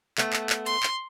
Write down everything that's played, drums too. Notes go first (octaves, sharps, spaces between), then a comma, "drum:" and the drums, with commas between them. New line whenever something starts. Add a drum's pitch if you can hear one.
A3 B3, drum: clap
drum: clap
drum: clap
C6, drum: hi-hat
drum: clap